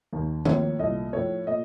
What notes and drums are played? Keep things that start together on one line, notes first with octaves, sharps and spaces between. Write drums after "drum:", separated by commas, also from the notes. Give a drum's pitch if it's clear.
D#2 D#3 A#3
A2 F3 A#3 C#5, drum: tom D#3
C2 A#2 A3 D#5
A2 F3 A3 C#5
A#2 A3 D#5